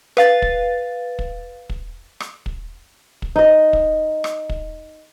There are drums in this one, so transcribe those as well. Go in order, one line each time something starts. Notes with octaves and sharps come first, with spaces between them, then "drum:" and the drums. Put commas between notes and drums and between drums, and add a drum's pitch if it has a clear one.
B4 F5 A6, drum: rim click
drum: kick
drum: kick
drum: kick
drum: rim click
drum: kick
drum: kick
D#4 D#5
drum: kick
drum: rim click
drum: kick